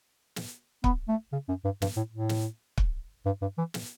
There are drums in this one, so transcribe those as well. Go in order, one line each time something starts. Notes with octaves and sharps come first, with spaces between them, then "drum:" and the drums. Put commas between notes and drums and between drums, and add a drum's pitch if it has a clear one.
drum: snare
B3, drum: kick
A3
C#3
F#2
G2
G2, drum: snare
A2
A2
drum: snare
drum: kick
G2
G2
E3
drum: snare